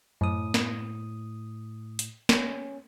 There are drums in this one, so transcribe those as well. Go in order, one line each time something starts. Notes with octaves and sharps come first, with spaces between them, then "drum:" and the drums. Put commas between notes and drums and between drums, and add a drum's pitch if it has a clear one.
F#2 A2 D#6
drum: snare
drum: hi-hat
C#4, drum: snare